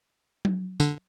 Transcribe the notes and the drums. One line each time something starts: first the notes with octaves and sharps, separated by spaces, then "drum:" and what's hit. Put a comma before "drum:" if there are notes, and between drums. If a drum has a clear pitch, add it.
drum: tom F#3
D3, drum: tambourine